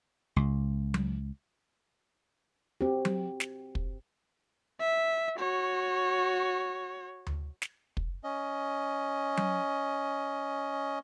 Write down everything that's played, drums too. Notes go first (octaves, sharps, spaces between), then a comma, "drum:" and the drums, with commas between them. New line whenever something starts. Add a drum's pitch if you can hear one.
C#2
drum: tom F#3
C4 F#4 G4
drum: tom F#3
drum: snare
drum: kick
E5
F#4 C#5
drum: tom D2
drum: snare
drum: kick
C#4 D#5
drum: tom F#3